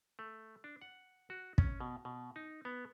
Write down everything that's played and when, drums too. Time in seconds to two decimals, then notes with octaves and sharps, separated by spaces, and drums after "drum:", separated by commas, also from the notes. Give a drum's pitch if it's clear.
0.19 A3
0.64 D4
0.81 F#5
1.30 F#4
1.58 C#4, drum: kick
1.80 B2
2.05 B2
2.36 D#4
2.65 B3